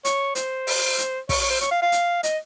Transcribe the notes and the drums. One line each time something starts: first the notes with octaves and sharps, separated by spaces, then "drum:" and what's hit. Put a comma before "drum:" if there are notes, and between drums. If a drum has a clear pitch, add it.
C#5, drum: hi-hat
C5, drum: hi-hat
drum: open hi-hat
drum: hi-hat
C#5, drum: kick, open hi-hat
C#5
C5
C#5, drum: hi-hat
F5
F5
drum: hi-hat
D#5, drum: hi-hat